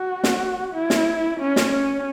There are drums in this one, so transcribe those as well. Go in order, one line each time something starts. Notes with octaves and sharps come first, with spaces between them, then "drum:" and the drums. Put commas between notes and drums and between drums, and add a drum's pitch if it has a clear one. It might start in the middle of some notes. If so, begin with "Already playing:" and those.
Already playing: F#4
drum: snare
E4
drum: snare
C#4
drum: snare
C#4